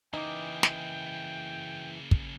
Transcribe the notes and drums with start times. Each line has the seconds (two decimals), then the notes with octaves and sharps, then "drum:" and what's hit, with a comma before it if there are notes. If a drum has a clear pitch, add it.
0.14 C#3 E3 A#3 D#4 G5 D6
0.63 drum: snare
2.11 drum: kick